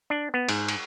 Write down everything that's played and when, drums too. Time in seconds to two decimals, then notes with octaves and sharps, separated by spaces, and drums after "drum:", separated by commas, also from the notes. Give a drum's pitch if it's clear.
0.10 D4
0.34 B3
0.49 G#2, drum: cymbal
0.68 drum: cymbal